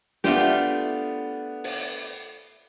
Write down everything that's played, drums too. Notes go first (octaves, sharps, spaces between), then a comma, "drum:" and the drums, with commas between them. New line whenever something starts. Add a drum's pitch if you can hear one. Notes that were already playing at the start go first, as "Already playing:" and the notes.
A3 B3 D4 F4 G4, drum: snare
drum: open hi-hat